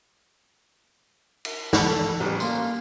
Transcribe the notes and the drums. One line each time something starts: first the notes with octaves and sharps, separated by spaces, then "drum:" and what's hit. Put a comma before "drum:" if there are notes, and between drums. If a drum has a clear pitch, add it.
drum: cymbal
A4 F#5 B5, drum: snare
A1 G3 C#4
A#3 C6, drum: tambourine